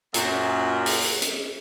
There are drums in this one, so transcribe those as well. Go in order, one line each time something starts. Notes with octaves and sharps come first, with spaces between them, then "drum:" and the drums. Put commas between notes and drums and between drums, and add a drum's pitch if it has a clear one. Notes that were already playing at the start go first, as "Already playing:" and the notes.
F#2 A#2, drum: hi-hat
drum: open hi-hat
drum: hi-hat